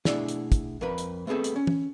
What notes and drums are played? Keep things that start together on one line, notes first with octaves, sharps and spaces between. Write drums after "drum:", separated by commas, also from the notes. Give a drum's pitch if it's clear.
B2 A3 D4 E4 G#4, drum: snare
drum: hi-hat
drum: kick, hi-hat
F2 A#4 B4 B5
drum: hi-hat
A3 B3 C4 G#4 A4
drum: hi-hat
C#4
drum: tom E3